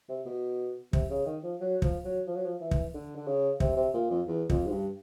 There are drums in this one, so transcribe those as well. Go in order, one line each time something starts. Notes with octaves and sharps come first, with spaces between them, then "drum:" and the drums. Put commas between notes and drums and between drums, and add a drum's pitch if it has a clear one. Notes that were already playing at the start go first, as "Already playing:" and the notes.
C3
B2
C3, drum: kick
C#3
D#3
F3
F#3
F3, drum: kick
F#3
F3
F#3
F3
E3
drum: kick
D3
D3
C#3
C3, drum: kick
C3
A#2
F2
E2
F2, drum: kick
G#2
G2